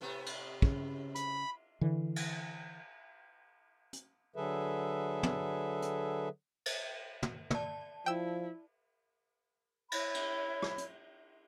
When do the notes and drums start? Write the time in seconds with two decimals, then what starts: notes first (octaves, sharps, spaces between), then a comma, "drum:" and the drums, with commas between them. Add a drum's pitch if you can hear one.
0.01 A2 C3 B3
0.26 drum: cymbal
0.62 C#3, drum: kick
1.15 B5, drum: hi-hat
1.81 D3 E3
2.16 drum: cymbal
3.93 drum: hi-hat
4.36 D3 F#3 G#4 A4 B4 E5
5.23 drum: tom
5.82 drum: hi-hat
6.66 drum: cymbal
7.23 drum: tom
7.50 D5 A5, drum: tom
8.06 F3 E4 G5 E6
9.92 E4 C#5 B5, drum: cymbal
10.15 drum: cymbal
10.62 drum: rim click
10.78 drum: hi-hat